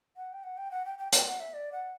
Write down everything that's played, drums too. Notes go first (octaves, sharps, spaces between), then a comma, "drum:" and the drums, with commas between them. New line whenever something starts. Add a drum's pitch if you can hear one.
F#5
G5
F#5
G5
F#5
G5
G5
G5, drum: hi-hat
F#5
E5
D5
F#5